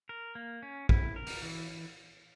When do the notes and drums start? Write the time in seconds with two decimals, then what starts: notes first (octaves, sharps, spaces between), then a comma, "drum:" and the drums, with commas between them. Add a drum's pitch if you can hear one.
0.09 A#4
0.35 A#3
0.63 C#4
0.89 E4, drum: kick
1.16 A#4
1.27 drum: open hi-hat
1.42 E3